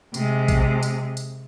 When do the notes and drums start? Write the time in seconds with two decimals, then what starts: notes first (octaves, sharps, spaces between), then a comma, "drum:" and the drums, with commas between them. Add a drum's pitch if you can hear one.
0.14 C3 G#3, drum: hi-hat
0.48 drum: kick A#1, hi-hat
0.83 drum: hi-hat
1.17 drum: hi-hat